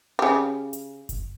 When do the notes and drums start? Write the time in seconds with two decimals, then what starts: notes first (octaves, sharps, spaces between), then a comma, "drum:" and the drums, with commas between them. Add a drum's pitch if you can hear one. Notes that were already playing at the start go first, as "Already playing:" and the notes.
0.19 C#3 G4
0.73 drum: hi-hat
1.09 drum: kick F#1, hi-hat